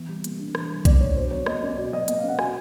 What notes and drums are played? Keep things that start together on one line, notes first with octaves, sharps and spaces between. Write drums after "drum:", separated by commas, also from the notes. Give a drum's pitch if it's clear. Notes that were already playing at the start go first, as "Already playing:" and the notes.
Already playing: E3 B3
G3
A#3, drum: hi-hat
D4
E3, drum: rim click
G3
A#3 D5, drum: kick B1, hi-hat
D4 C#5
B2 C5
F#3 C#5
A#3 D#5, drum: rim click
C#4 D5
B2 D5
F#3 D#5
A#3 D#5, drum: hi-hat
F5
C#4 F#5
B2 G#5, drum: rim click